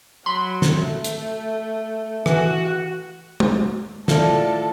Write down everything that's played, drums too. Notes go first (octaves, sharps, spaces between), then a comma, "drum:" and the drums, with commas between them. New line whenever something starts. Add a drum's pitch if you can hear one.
F#3 B5 C6
drum: snare
A3
drum: hi-hat
E3 F#4, drum: rim click
drum: tom
A2 F4 A4 D5, drum: snare